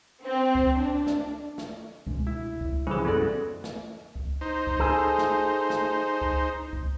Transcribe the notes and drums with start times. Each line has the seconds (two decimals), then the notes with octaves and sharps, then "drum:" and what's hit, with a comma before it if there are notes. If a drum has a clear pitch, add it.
0.24 C4
0.55 drum: kick C#2
0.78 D4
1.07 drum: snare
1.58 drum: snare
2.07 D2 B2 G#3, drum: kick C#2
2.27 E4
2.61 drum: kick C#2
2.87 C#3 E3 F3 G3 E4 G#4 C5
3.05 B1 F#2 G#3 B3 C#4 F#4 A4 D5
3.64 drum: snare
4.16 drum: kick C#2
4.41 D#4 C5
4.67 drum: kick C#2
4.80 G#4 A4
5.19 drum: snare
5.70 drum: snare
6.21 drum: kick C#2
6.73 drum: kick C#2